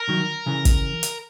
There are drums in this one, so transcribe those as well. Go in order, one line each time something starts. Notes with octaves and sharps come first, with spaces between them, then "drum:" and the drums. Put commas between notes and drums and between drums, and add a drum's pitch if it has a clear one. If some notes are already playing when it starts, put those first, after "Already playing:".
Already playing: A#4
D#3 F#3
C#3 E3
drum: kick, hi-hat
drum: hi-hat